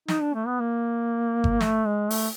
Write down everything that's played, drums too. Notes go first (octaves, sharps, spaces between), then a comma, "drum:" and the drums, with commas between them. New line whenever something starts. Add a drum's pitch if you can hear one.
D#4, drum: snare
D4
A3
B3
A#3
drum: kick G1
A3, drum: snare
G#3
A3, drum: open hi-hat